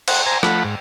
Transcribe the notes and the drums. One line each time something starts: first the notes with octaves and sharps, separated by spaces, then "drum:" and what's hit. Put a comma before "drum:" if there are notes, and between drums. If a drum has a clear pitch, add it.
C5 F#5, drum: cymbal
C5 G#5 A#5
F3 A3 F#5 B5, drum: rim click
G#2